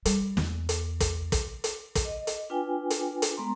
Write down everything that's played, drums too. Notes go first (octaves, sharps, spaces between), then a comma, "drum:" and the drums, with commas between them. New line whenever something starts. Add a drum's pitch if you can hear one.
G3, drum: hi-hat
E2, drum: snare
drum: hi-hat
drum: kick, hi-hat
drum: kick, hi-hat
drum: hi-hat
drum: kick, hi-hat
D#5
drum: hi-hat
D4 F4 B4 G5 G#5
drum: hi-hat
drum: hi-hat
G#3 B3 A#5 C6